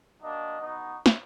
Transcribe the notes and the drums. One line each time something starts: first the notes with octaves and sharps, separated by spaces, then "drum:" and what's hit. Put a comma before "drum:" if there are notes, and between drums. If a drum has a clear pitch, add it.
A#3 D4 F#4 D#5
B3 D#4 F#4
drum: snare